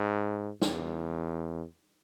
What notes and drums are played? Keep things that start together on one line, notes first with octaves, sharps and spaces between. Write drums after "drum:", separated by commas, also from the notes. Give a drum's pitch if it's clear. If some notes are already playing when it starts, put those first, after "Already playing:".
Already playing: G#2
E2, drum: snare